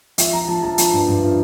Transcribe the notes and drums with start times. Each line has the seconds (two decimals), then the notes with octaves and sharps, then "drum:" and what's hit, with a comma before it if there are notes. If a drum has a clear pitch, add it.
0.18 F3 E5, drum: hi-hat
0.33 F3 A#5
0.48 F3 A5
0.63 F3 A5
0.78 F3 A5, drum: hi-hat
0.93 G2
1.08 G2
1.23 F3